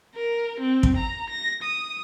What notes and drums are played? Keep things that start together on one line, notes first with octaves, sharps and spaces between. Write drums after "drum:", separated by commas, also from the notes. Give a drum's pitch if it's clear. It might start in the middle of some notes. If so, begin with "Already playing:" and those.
A#4
C4
drum: kick
A#5
A#6
D#6